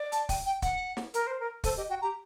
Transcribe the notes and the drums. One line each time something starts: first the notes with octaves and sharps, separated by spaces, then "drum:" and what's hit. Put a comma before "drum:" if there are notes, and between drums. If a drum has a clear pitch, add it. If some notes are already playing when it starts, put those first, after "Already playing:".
Already playing: D5
A5, drum: hi-hat
G5, drum: kick, open hi-hat
G5
F#5, drum: kick, hi-hat
drum: snare
A#4, drum: hi-hat
C5
A#4
A4 C5, drum: kick, open hi-hat
G4 D#5
F#4 G5
G4 A#5